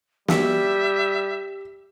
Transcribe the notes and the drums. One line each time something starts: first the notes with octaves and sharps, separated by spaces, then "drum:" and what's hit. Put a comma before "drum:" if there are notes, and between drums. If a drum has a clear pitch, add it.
G3 G4 E5, drum: snare